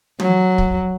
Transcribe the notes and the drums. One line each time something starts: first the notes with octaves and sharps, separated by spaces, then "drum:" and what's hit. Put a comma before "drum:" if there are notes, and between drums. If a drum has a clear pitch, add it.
F#3, drum: tom
drum: kick